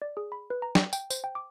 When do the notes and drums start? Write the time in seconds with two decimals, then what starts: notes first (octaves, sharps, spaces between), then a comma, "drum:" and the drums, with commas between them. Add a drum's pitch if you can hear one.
0.02 D5
0.17 G#4
0.32 B5
0.50 B4
0.62 A#5
0.75 G5, drum: snare
0.93 G5, drum: tambourine
1.10 C5, drum: tambourine
1.24 G5
1.35 D6